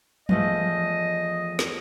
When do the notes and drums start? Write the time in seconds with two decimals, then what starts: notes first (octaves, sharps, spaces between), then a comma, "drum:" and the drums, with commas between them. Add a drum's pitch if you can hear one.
0.29 E2 F3 A3 D#5, drum: tom F3
1.59 drum: snare